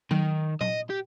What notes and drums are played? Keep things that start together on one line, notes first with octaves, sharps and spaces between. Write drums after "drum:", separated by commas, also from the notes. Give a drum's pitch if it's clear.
D#3, drum: tom F#3
D#5, drum: tom A#2
G4